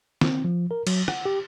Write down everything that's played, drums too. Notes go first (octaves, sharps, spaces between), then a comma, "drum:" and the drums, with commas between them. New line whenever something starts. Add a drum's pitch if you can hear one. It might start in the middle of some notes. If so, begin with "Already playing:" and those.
C4, drum: snare
F3
A#4
F#3, drum: cymbal
F#5, drum: rim click
G4